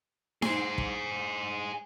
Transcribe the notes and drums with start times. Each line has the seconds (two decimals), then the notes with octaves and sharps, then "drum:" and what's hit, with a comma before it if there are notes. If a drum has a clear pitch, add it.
0.42 G#4 C5, drum: snare D#4
0.78 drum: kick